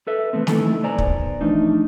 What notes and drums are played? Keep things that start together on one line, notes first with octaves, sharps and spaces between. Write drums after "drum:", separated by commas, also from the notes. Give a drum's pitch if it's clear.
A4 B4 E5
E3 A3 B3 C4
D#3 E3 A3 E4 A4, drum: snare
B1 B3 C5 D5 G#5 A#5
drum: kick
E3 F3 A3 D4 D#4